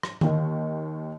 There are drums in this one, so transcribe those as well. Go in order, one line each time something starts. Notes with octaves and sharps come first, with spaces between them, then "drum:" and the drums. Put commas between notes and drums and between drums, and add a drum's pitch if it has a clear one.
drum: rim click
D#2 D#3, drum: tom D3